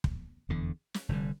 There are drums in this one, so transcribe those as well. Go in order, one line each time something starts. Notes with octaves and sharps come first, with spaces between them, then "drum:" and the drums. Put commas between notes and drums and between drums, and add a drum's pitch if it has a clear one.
drum: kick
F1 E2 D3
drum: snare
F1 E2 D3 G3